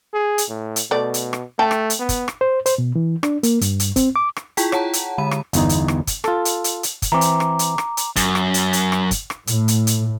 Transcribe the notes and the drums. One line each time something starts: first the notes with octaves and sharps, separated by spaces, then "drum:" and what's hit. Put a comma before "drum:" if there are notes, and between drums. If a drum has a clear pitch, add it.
G#4
drum: hi-hat
A2
drum: hi-hat
B2 A3 D5
drum: hi-hat
drum: rim click
A3 G5 A5
drum: rim click
drum: hi-hat
B3
drum: kick, hi-hat
drum: rim click
C5
C5, drum: hi-hat
B2
E3
D4, drum: rim click
A#3, drum: hi-hat
G2, drum: hi-hat
drum: hi-hat
C4, drum: kick, hi-hat
D6
drum: rim click
E4 F4 G#4 G5 B6, drum: hi-hat
C#5 F#5 A5 A#5, drum: rim click
drum: hi-hat
D3 G#3 B5 D#7
drum: rim click
G1 E2 D#4, drum: hi-hat
drum: hi-hat
drum: rim click
drum: kick, hi-hat
F4 A4, drum: rim click
drum: hi-hat
drum: hi-hat
drum: hi-hat
drum: kick, hi-hat
E3 C4 A#5 D6
drum: hi-hat
drum: rim click
drum: hi-hat
drum: rim click
drum: hi-hat
F#2, drum: kick, hi-hat
drum: rim click
drum: hi-hat
drum: hi-hat
drum: rim click
drum: kick, hi-hat
drum: rim click
A2, drum: hi-hat
drum: hi-hat
drum: hi-hat